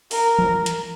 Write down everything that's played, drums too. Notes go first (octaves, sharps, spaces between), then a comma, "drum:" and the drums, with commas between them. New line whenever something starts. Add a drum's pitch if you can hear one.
A#4, drum: open hi-hat
drum: tom E3
drum: hi-hat